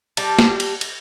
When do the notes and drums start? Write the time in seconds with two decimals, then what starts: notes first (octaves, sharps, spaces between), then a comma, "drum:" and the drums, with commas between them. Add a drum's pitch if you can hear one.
0.17 G3 A5, drum: cymbal
0.39 drum: snare
0.60 drum: cymbal
0.81 drum: cymbal